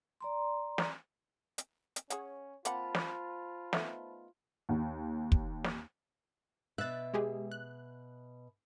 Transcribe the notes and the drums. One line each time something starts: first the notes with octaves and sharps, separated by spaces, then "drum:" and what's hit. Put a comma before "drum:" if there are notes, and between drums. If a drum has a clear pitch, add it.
D5 A#5 C6
drum: snare
drum: hi-hat
drum: hi-hat
C#4 G#4 C#5 F#5, drum: hi-hat
A#3 C4 F4 C5 F#5 A5 B5, drum: hi-hat
drum: snare
A3 B3 D#4, drum: snare
D#2
drum: kick
drum: snare
B2 E5 F#6 A6
G#3 G4 G#4
F#6